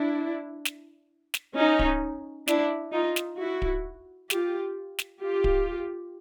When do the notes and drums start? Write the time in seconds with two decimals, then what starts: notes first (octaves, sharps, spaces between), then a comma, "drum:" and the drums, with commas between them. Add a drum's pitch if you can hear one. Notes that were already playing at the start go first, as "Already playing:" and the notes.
Already playing: D4 E4
0.65 drum: snare
1.34 drum: snare
1.56 C#4 D#4
1.79 drum: kick D1
2.48 D4 E4, drum: snare
2.93 D#4 F4
3.16 drum: snare
3.38 E4 F#4
3.62 drum: kick D1
4.30 F4 G4, drum: snare
4.99 drum: snare
5.21 F4 G4
5.44 drum: kick D1